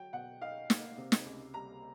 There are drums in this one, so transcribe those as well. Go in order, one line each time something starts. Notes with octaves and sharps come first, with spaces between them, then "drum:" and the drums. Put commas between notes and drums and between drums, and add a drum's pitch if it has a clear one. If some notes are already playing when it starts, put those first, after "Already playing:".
Already playing: F#3 G5
B2 F#5
D#4 F5
A#3, drum: snare
C3
drum: snare
C#2
G3 A#5